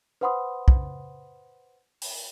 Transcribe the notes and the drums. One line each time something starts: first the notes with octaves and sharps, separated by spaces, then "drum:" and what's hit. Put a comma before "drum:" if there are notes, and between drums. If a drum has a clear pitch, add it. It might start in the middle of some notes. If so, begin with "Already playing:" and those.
B4 C5 F#5 B5 C6 D#6
drum: kick
drum: open hi-hat